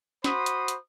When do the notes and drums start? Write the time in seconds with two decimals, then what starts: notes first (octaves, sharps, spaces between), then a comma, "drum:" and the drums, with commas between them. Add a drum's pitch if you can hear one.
0.24 F#4 C5 B5 C6 D#6, drum: snare
0.46 drum: hi-hat
0.68 drum: hi-hat